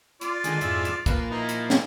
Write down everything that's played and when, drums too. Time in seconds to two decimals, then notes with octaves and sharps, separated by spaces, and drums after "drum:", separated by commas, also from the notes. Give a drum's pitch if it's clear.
0.21 F4 D5, drum: hi-hat
0.44 D3 D#3 G#3, drum: hi-hat
0.61 F2 G#2 E4, drum: hi-hat
0.85 drum: hi-hat
1.06 A#2 F3 B4, drum: kick, hi-hat
1.31 D#4 E4
1.49 drum: hi-hat
1.70 drum: snare